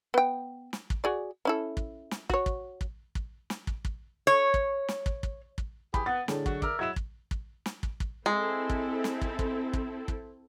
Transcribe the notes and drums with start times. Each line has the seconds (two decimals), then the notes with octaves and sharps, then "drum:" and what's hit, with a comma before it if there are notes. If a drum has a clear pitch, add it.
0.14 B3 G5
0.73 drum: snare
0.90 drum: kick
1.04 F#4 G#4 D5
1.45 C#4 E4 A4
1.77 drum: kick
2.11 drum: snare
2.30 F#4 C#5, drum: kick
2.46 drum: kick
2.81 drum: kick
3.15 drum: kick
3.50 drum: snare
3.67 drum: kick
3.85 drum: kick
4.27 C#5
4.54 drum: kick
4.88 drum: snare
5.06 drum: kick
5.23 drum: kick
5.58 drum: kick
5.94 E3 G4 G#4 B5, drum: kick
6.06 B3 A6
6.28 A2 D3 G#4, drum: snare
6.46 F#3 F#4, drum: kick
6.62 A#4 D5 E5, drum: kick
6.79 F#3 G#3 E4 G#6 E7
6.96 drum: kick
7.31 drum: kick
7.66 drum: snare
7.83 drum: kick
8.00 drum: kick
8.26 G#3 C4 E4 A4
8.70 drum: kick
9.04 drum: snare
9.21 drum: kick
9.39 drum: kick
9.73 drum: kick
10.08 drum: kick